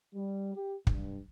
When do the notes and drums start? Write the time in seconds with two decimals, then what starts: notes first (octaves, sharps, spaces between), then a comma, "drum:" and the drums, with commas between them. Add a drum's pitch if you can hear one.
0.15 G3
0.55 G4
0.87 G2, drum: kick